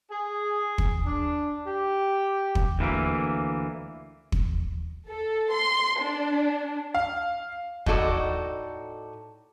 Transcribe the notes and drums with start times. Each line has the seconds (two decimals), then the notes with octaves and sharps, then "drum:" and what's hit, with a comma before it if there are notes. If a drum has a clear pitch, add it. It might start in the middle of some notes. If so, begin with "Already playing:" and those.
0.11 G#4
0.78 drum: kick
1.06 D4
1.67 G4
2.55 drum: kick
2.79 D2 E3 A#3
4.32 drum: kick
5.10 A4
5.52 C6
6.01 D4
6.95 F5
7.86 A2 D#4 F#4 A4 D5, drum: kick